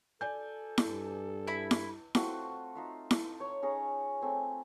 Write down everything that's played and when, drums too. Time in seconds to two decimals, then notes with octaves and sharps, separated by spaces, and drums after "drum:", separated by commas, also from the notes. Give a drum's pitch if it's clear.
0.21 A4 D5 G#5 G6
0.78 drum: snare E4
0.87 G2
1.47 E4 B5
1.71 drum: snare E4
2.15 A3 C4 F4 F#4, drum: snare E4
2.75 D#4 F4 E5
3.11 drum: snare E4
3.40 C#5
3.63 C#4 D#4 G#4 A#5
4.22 A3 C4 G#5